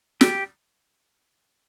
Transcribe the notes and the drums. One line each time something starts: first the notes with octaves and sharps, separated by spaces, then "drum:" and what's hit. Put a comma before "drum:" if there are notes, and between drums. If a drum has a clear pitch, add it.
G4, drum: snare